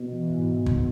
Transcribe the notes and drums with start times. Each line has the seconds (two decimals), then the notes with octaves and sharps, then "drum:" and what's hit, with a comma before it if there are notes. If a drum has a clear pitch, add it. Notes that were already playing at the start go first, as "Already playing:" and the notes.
Already playing: B2
0.12 E3
0.29 G#2
0.48 G#2
0.66 G#2, drum: kick